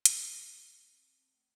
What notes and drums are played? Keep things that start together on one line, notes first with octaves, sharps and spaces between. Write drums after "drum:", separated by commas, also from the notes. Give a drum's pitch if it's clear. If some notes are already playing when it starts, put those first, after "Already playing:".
E4, drum: hi-hat
E4
B3
C4
C4
C4
A3